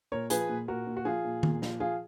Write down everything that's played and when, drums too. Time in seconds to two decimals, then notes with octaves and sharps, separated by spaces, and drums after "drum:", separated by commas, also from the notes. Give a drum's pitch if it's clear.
0.12 A#2 A#4 C#5
0.30 F3 G#4 B4, drum: hi-hat
0.49 A#2
0.68 A#2 F#4 A#4
0.87 A#2
0.97 F#4
1.05 F3 F4 G#4
1.25 A#2
1.43 A#2, drum: tom D#3
1.62 F3, drum: snare
1.80 F3 F4 G#4